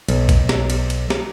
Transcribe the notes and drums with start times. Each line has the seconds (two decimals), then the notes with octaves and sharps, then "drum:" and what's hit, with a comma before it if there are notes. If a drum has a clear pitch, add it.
0.08 B1, drum: cymbal
0.29 drum: kick A#1, cymbal
0.49 drum: snare
0.70 drum: cymbal
0.90 drum: cymbal
1.10 drum: snare